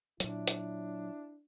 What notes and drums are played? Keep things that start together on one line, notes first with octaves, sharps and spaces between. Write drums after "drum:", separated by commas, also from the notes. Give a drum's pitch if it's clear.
A#2 F#3 D4 E4, drum: hi-hat
drum: hi-hat